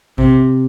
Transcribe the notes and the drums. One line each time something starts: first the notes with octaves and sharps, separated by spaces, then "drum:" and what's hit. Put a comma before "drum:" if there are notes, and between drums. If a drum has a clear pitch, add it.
C3, drum: kick A#1